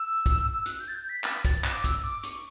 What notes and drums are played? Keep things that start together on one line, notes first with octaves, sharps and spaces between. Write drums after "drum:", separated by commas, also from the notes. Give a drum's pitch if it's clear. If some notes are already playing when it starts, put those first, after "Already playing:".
Already playing: E6
drum: kick, hi-hat
E6
F#6, drum: hi-hat
G6
A6
G6
B6
A6, drum: clap
A6, drum: kick, hi-hat
F#6, drum: clap
D6
E6, drum: kick, hi-hat
E6
D6
C#6, drum: hi-hat